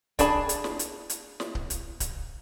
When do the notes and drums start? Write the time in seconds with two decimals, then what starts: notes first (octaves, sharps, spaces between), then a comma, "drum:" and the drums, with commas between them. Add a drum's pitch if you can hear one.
0.19 D4 G#4 A5 B5, drum: kick C#1, hi-hat
0.49 drum: hi-hat
0.64 drum: snare
0.79 drum: hi-hat
1.10 drum: hi-hat
1.40 drum: snare
1.55 drum: kick C#1
1.70 drum: hi-hat
2.00 drum: kick C#1, hi-hat